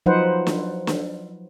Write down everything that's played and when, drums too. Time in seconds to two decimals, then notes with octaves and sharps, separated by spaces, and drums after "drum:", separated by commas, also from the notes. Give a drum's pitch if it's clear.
0.06 F3 F#3 D#4 B4 C5 F#5
0.47 drum: snare
0.87 drum: snare